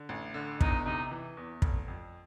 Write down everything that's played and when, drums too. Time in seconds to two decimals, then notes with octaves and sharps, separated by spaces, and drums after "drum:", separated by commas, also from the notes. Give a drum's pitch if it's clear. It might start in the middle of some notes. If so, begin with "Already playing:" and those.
Already playing: D3
0.09 A1
0.34 D3
0.61 E2 D#4, drum: kick
0.85 C3 D#4
1.11 E3
1.37 E2
1.62 F1, drum: kick
1.88 F2